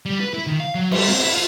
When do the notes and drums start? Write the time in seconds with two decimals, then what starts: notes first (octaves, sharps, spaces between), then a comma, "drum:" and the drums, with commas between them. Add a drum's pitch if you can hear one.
0.06 G3
0.20 B4
0.34 E4
0.47 D#3
0.60 F5
0.75 F#3
0.91 G3, drum: cymbal
1.09 C4
1.20 E4
1.33 F4